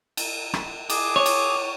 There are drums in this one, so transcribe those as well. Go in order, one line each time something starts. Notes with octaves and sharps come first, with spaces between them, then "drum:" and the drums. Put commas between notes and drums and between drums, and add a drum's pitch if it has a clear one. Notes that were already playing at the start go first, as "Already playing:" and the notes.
drum: cymbal
drum: rim click
G#4 D6, drum: cymbal
C#5
drum: cymbal